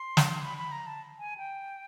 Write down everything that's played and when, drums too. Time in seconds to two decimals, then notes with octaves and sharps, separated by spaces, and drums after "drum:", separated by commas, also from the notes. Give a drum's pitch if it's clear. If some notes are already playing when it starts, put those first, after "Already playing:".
Already playing: C6
0.17 drum: snare
0.44 B5
0.58 B5
0.72 A#5
0.86 A5
1.19 G#5
1.38 G5